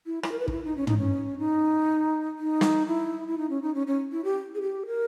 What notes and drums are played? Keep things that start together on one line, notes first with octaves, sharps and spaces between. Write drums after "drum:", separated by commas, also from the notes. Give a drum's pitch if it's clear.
E4
E4, drum: rim click
A#4
B4
D#4, drum: kick
E4
D#4
C#4
D#4, drum: tom
C#4
D#4
D#4
drum: snare
E4
E4
D#4
C#4
D#4
C#4
C#4
E4
G4
G#4
G4
A#4